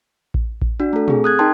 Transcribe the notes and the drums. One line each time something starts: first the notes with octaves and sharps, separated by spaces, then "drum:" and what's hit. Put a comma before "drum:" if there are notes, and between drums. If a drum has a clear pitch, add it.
drum: kick A1
drum: kick A1
D4 F#4
A3 A4
C4 G#4, drum: tom A#2
D#6 F#6 G#6
D#4 A#4 G5 A5 C6